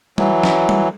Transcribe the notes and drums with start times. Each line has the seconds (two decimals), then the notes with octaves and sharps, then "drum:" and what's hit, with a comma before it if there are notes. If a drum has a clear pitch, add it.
0.18 E3 F#3, drum: tom G3
0.43 drum: snare
0.69 drum: tom G3